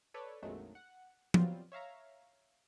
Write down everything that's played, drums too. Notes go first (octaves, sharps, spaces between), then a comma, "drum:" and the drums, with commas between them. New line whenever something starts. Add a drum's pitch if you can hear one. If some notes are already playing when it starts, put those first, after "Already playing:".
A4 B4 C#5 D5
A#1 F2 D#3 F#3 G#3 A3
F#5
F#3 G3 B3 C4 F4, drum: tom
C#5 E5 F5 A#5